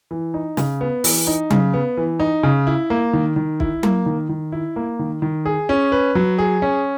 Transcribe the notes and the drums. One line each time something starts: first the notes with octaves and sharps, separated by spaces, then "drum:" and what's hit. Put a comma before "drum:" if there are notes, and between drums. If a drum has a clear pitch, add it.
E3
D#4
C#3, drum: snare
B3
E3, drum: open hi-hat
D#4
C#3, drum: tom F#3
B3
E3
D#4
C#3
E4
A#3
D#3
D#3
E4, drum: kick
A#3, drum: tom F#3
D#3
D#3
E4
A#3
D#3
D#3
G#4
C#4
B4
F#3
G#4
C#4